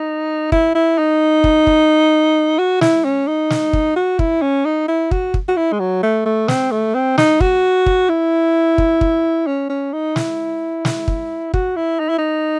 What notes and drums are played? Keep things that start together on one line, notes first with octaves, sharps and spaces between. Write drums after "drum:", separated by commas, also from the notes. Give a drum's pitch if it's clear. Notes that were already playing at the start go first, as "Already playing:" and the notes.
Already playing: D#4
E4, drum: kick
E4
D#4
drum: kick
drum: kick
F#4
E4, drum: snare
C#4
D#4
drum: snare
drum: kick
F#4
E4, drum: kick
C#4
D#4
E4
F#4, drum: kick
drum: kick
F#4
E4
G#3
F#3
A3
A3
C4, drum: snare
A3
C4
D#4, drum: snare
F#4, drum: kick
drum: kick
E4
drum: kick
drum: kick
C#4
C#4
D#4
E4, drum: snare
drum: snare
drum: kick
F#4, drum: kick
E4
D#4
E4
D#4